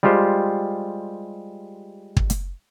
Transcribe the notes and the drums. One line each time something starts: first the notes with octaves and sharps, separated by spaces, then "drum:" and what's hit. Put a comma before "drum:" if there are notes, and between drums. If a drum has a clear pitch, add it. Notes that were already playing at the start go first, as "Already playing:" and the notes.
G3 G#3 F4 G4 C5
drum: kick
drum: hi-hat